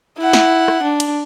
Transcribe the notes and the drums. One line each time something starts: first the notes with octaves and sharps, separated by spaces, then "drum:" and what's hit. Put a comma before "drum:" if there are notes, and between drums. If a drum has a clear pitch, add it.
E4 F#5
drum: snare
drum: rim click
D4
drum: cymbal